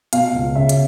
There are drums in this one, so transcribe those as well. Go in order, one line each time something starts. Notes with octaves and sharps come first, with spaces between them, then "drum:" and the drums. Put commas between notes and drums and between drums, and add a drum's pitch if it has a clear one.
B2 F5, drum: hi-hat
C#2
C#3 E5
drum: hi-hat